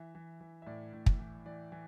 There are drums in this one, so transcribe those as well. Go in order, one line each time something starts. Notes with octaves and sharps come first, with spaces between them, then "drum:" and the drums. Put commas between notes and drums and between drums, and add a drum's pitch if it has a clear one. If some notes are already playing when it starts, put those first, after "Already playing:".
Already playing: E3 E5
E3
E3
E5
A2 D5
A2
drum: kick
E3
E3 D5
E3